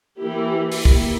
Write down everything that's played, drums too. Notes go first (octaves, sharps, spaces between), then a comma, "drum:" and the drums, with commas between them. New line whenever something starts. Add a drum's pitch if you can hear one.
E3 A#3 E4 G4
drum: open hi-hat
A#3 E4 G4, drum: kick